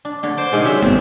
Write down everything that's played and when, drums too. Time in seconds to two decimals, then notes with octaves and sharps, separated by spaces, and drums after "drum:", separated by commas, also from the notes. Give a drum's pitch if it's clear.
0.05 D4
0.23 D3 D4 C#5
0.37 C5 D6 G6
0.53 C3 D#3 G#3
0.65 F#3 C#4 E5 B6
0.83 G#1 B3 C4, drum: tom